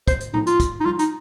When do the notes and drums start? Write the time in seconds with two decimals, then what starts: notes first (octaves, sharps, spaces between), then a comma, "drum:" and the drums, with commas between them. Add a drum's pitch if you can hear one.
0.08 C5, drum: kick, hi-hat
0.20 drum: hi-hat
0.34 D#4, drum: tom A2
0.47 F4, drum: hi-hat
0.60 drum: kick, hi-hat
0.80 D#4
0.86 F4, drum: tom G3
0.99 D#4, drum: hi-hat